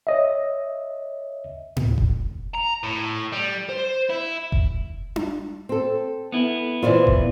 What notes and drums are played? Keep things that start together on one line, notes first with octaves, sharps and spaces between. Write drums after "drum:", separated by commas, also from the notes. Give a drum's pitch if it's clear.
C#5 D#5 E5
drum: tom A2
drum: kick F1
A#5
A2
G3
C5
E4
drum: kick F1
drum: tom D4
C4 A4
B3 E4
A#2 E3 F4 C5 D5
drum: kick F1